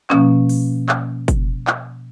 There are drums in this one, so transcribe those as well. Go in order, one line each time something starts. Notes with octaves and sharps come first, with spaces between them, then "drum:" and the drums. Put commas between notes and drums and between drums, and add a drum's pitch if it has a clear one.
B2 F3 A#3 C#4, drum: clap
drum: open hi-hat
drum: clap
drum: kick, hi-hat
drum: clap